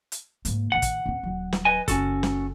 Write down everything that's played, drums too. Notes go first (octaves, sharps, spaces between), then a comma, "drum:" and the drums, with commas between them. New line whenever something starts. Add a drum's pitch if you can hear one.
drum: hi-hat
G#2 A#3, drum: hi-hat
A2 D#3 F#5
drum: kick, hi-hat
D#1 C4
D#1 F#3
drum: snare
B4 D#5 G#5
F#1 C#4 F#4 A4, drum: kick, hi-hat
drum: snare